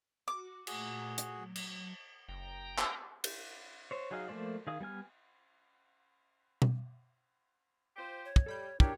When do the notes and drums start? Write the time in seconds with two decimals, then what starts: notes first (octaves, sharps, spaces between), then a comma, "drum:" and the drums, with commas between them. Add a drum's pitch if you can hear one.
0.28 F#4 D6
0.67 A#2 A3 F#4 G#4 A#5, drum: cymbal
1.18 drum: hi-hat
1.36 F#3
1.55 drum: cymbal
2.29 F#1 G5 A#5
2.78 drum: clap
3.24 drum: cymbal
3.91 C5 C#5
4.11 F#3 D#4 G#4 D#5 F5
4.28 F3 A3 A#3 C5 D5
4.67 D#3 G#4 F5 D#6
4.80 G3 B3 G#5 F6
6.62 drum: tom B2
7.97 F4 G4 C5
8.25 C#5
8.36 drum: kick
8.46 G3 A4 B5 G6
8.80 F#3 D4 E4 G4 A#4 C#5 G5, drum: kick